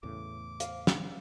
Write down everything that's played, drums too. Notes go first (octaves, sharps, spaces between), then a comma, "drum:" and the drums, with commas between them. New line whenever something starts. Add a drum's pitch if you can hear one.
E2 A2 C#3 D6
F5, drum: hi-hat
drum: snare